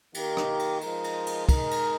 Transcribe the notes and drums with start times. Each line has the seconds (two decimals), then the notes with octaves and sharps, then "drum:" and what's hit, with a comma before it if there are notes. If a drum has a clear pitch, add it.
0.14 D#3 A#3 D#4 G4 A#4, drum: cymbal
0.37 drum: rim click
0.59 drum: cymbal
0.81 F3 G#3 D#4 A#4, drum: cymbal
1.04 drum: cymbal
1.26 drum: cymbal
1.49 G#3 D#4 A#4, drum: kick, cymbal
1.71 drum: cymbal